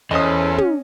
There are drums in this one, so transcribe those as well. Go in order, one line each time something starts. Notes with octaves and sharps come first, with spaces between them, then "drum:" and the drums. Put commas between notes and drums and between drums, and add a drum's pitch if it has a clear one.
E2 C#4 E4 A4 C5 D#5 D#6
drum: tom